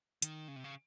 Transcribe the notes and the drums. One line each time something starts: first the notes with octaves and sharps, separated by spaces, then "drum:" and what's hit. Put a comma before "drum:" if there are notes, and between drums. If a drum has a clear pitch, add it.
D#3, drum: hi-hat
C#3
C3
C#3